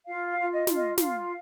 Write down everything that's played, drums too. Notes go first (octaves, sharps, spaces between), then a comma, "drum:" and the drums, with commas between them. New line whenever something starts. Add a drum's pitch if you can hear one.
F4 F5
F5
F4
D#5
F4, drum: snare
D#5
F4 F5, drum: snare